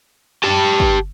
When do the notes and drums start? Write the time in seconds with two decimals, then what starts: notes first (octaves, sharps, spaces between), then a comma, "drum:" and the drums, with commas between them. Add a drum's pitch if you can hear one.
0.43 G4 A5
0.80 drum: kick